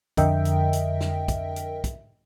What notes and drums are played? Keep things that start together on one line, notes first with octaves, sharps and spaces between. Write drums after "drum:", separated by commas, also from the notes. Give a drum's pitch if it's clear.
F2 D3 A#4 D#5 E5 G5, drum: kick, hi-hat
drum: hi-hat
drum: hi-hat
drum: snare
drum: kick, hi-hat
drum: hi-hat
drum: kick, hi-hat